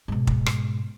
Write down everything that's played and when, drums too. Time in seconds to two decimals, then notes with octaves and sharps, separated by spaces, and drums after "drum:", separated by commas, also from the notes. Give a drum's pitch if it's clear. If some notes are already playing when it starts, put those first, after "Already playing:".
0.08 G#2 B2
0.27 drum: kick
0.46 drum: rim click